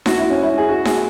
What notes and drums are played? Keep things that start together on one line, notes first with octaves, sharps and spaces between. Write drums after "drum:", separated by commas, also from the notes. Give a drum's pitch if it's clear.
F#4, drum: snare D#4
E4
C#4
E4
G#4
F#4
G#4, drum: snare D#4